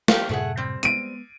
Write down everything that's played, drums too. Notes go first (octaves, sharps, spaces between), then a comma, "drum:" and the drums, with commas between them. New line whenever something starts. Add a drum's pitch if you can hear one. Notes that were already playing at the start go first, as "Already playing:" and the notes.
G4 F5, drum: snare
F#2 A2 C3 A3 G#4 F#5
G3 C4
G#3 B3 D7 D#7, drum: hi-hat